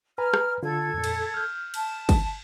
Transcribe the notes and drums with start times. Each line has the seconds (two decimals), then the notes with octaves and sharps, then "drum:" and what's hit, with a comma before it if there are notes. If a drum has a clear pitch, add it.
0.18 B4 G#5 A#5 F6
0.34 drum: rim click
0.63 D3 F4 A4 G#6
0.94 F2 A#2
1.04 drum: cymbal
1.34 F6 G6
1.74 A5, drum: cymbal
2.09 drum: kick, cymbal